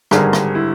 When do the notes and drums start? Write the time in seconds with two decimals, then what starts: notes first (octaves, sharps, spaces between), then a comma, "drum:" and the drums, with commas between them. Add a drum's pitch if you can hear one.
0.11 G#1 G2 D3 G3 G#4 A#4, drum: rim click
0.33 drum: rim click
0.55 E4